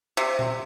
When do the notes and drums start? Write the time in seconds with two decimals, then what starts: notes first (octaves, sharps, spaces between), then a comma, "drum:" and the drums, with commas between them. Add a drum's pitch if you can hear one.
0.17 C3
0.39 drum: tom A#2